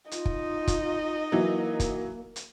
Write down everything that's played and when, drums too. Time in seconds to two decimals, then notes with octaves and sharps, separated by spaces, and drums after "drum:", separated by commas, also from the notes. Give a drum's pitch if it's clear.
0.11 D#4 F4 D#5, drum: hi-hat
0.25 drum: kick
0.68 drum: kick, hi-hat
1.32 E3 F#3 A#3
1.80 drum: kick, hi-hat
2.36 drum: hi-hat